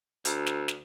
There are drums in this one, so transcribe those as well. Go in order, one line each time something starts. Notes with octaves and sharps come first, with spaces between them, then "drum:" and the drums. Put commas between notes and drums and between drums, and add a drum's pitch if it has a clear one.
D2, drum: hi-hat
drum: snare
drum: snare